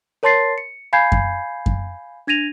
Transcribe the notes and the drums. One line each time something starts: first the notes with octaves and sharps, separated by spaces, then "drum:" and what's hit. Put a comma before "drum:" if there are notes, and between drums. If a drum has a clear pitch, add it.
A#4 C#5 A5 C6 A6 C7
C#7
F5 G#5 B5 G6 G#6 C7
drum: kick F#2
drum: kick F#2
D4 G#6 A#6 D#7 F7